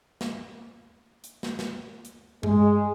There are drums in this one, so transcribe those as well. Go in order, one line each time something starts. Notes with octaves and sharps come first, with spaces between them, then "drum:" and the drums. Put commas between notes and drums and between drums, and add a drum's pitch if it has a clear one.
drum: snare
drum: hi-hat
drum: snare
drum: snare
drum: hi-hat
G#3, drum: tom G2